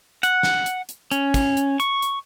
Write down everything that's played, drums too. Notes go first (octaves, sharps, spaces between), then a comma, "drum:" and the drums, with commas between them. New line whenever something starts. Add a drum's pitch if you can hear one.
F#5, drum: hi-hat
drum: snare
drum: hi-hat
drum: hi-hat
C#4, drum: hi-hat
drum: kick, hi-hat
drum: hi-hat
C#6, drum: hi-hat
drum: hi-hat